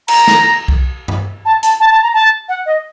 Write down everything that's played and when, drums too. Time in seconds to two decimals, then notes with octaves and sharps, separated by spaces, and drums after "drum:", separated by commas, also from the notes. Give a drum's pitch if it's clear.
0.08 A#5, drum: cymbal
0.27 drum: snare
0.68 drum: kick B1
1.08 drum: tom G2
1.45 A5
1.63 A5, drum: hi-hat
1.80 A5
1.91 A5
2.03 A#5
2.14 A5
2.49 F#5
2.66 D#5